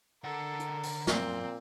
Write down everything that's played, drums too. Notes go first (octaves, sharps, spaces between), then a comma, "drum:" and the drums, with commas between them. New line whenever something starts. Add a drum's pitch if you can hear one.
D3 A4 A#4 F#5
drum: hi-hat
drum: open hi-hat
F#2 A#2 C4, drum: snare